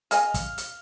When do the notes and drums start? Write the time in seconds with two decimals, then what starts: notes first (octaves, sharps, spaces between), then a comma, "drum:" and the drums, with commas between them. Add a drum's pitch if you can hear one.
0.11 G#4 D#5 F5 G#5, drum: hi-hat
0.34 drum: kick, hi-hat
0.58 drum: hi-hat